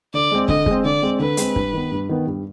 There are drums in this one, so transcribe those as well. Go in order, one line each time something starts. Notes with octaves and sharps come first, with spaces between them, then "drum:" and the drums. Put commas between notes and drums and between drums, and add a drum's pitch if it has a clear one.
D3 D5
G#3 C4
D3 D#5, drum: kick
G#3 C4, drum: kick
D3 D5
G#3 C4
D3 B4
G#3 C4, drum: hi-hat
G2, drum: kick
D#3 B3
G2
D#3 B3
G2